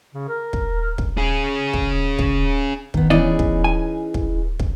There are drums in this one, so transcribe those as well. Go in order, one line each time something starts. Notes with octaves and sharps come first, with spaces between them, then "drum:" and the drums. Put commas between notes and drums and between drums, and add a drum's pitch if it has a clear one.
C#3
A#4
drum: kick
drum: kick
C#4 G#4
drum: kick
drum: kick
D#3 B3, drum: kick
E3 B3 C#4 D#4 E4 G#4 D5 D#5
drum: kick
G#5
drum: kick
drum: kick